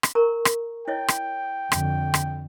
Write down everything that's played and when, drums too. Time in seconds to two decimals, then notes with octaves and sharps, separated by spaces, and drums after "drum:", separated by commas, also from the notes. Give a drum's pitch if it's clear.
0.03 drum: rim click
0.15 A#4 A#5 C#6
0.45 drum: rim click
0.88 E4 C#5 D#5 G5
1.08 drum: rim click
1.72 F2 D3, drum: rim click
2.14 drum: rim click